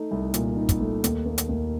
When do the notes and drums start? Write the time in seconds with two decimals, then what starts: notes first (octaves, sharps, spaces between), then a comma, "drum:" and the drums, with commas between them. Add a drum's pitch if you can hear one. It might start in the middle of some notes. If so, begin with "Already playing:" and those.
Already playing: A3 D#4
0.11 C2
0.34 A#2, drum: hi-hat
0.57 D#4
0.69 drum: kick, hi-hat
0.81 A3
1.04 D#2, drum: hi-hat
1.26 A#3
1.38 drum: hi-hat
1.49 D#2